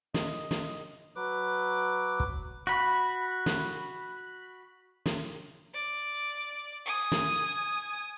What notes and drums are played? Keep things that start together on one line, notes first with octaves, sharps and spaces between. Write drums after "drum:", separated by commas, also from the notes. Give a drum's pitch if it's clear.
D#5, drum: snare
drum: snare
F#3 B4 D6
drum: kick
F#4 B5, drum: hi-hat
drum: snare
drum: snare
D5
G#5 D#6
drum: snare